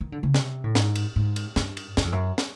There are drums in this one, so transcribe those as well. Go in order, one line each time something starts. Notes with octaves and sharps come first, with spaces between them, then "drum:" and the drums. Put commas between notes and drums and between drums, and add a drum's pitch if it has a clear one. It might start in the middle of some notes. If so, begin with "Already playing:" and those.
D#3
D3
C#3
C3, drum: snare
A2
G#2, drum: snare
drum: cymbal
G#2
drum: cymbal
G2, drum: snare
drum: cymbal
F#2, drum: snare
F2
F#2
drum: snare